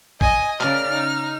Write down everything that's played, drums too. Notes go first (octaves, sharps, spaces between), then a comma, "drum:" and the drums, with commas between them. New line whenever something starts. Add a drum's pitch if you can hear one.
D#5 G#5, drum: kick
C#3 A#4 D5 F6, drum: clap
D#4